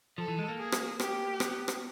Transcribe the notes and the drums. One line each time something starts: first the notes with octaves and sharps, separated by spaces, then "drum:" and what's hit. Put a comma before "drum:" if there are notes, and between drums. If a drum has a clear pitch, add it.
F3 A4
E3
G#3
A#3
G#4
drum: rim click
G4, drum: rim click
B3, drum: rim click
drum: rim click